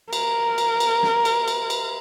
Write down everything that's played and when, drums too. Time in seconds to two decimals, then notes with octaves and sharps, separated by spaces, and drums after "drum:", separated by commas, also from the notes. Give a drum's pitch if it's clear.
0.13 A#4, drum: cymbal
0.58 drum: cymbal
0.80 drum: cymbal
1.03 drum: snare
1.25 drum: cymbal
1.48 drum: cymbal
1.70 drum: cymbal